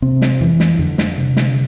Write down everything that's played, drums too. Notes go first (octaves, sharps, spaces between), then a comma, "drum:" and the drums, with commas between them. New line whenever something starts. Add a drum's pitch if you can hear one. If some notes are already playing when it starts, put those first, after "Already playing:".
C3 C4
drum: snare
F2 E3
drum: snare
F2 D3
drum: snare
C3
drum: snare